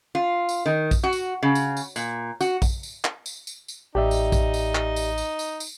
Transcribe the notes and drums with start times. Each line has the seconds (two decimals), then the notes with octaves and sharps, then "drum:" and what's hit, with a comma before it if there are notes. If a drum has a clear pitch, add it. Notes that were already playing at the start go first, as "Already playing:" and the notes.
0.15 F4
0.49 drum: tambourine
0.66 D#3
0.91 drum: kick, tambourine
1.04 F#4
1.13 drum: tambourine
1.43 C#3
1.55 drum: tambourine
1.77 drum: tambourine
1.96 A#2, drum: tambourine
2.41 F#4, drum: tambourine
2.62 drum: kick, tambourine
2.83 drum: tambourine
3.04 drum: clap
3.26 drum: tambourine
3.47 drum: tambourine
3.68 drum: tambourine
3.95 A1 A2 D#4 G4 D5 E5
4.11 drum: tambourine
4.32 drum: kick, tambourine
4.54 drum: tambourine
4.75 drum: clap
4.96 drum: tambourine
5.18 drum: tambourine
5.39 drum: tambourine
5.60 drum: tambourine